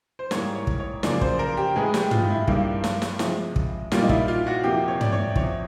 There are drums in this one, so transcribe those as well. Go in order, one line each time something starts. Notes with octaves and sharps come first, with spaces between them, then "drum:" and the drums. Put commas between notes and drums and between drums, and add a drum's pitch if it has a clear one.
C5
G#2 E3 G3 A#3 C#5, drum: snare
C#5
drum: kick
C#5
F#2 C#3 F3 A#3 D5, drum: snare
C5, drum: kick
A#4
G4
A2 E3 G#3 B3 G#4
G4, drum: snare
F4, drum: tom
E4
G2 D#3 G3 A#3, drum: kick
drum: snare
drum: snare
C3 F3 G#3, drum: snare
drum: kick
A#2 G3 A#3 F4, drum: snare
D#4
E4, drum: kick
F4
F#4
E2 C3 F3 A#3 G4
C#5
D5, drum: tom
C#5
E2 C3 F3 C#5, drum: kick